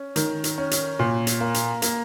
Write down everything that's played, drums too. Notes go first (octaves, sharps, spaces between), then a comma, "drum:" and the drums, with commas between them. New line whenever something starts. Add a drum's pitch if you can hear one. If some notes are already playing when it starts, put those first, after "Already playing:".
Already playing: C#4
D#3, drum: hi-hat
drum: hi-hat
C#4
drum: hi-hat
A#2
drum: hi-hat
A#3
drum: hi-hat
A#3, drum: hi-hat